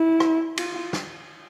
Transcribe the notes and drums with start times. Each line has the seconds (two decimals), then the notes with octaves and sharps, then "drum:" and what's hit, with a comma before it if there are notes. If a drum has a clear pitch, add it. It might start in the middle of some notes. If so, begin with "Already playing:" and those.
Already playing: E4
0.20 drum: rim click
0.58 F4, drum: cymbal
0.93 drum: snare